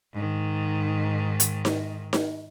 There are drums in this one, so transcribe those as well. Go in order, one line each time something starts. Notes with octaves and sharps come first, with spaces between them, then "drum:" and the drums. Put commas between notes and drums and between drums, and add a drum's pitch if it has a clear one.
G#2 D#3
drum: hi-hat
drum: snare D#4
drum: snare D#4